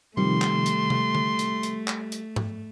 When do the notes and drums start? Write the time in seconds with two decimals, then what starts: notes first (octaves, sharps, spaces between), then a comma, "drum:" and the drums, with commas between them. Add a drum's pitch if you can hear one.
0.17 C3 D#3 F3 G3 A3 C6
0.42 drum: clap
0.66 drum: hi-hat
0.90 drum: tom C3
1.15 drum: tom D3
1.39 drum: hi-hat
1.63 drum: hi-hat
1.88 drum: clap
2.12 drum: hi-hat
2.36 drum: tom G#2